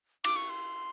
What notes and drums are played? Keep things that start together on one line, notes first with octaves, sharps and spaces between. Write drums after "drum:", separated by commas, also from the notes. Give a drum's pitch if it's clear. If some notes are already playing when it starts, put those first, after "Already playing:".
D6, drum: cymbal
C#6
C6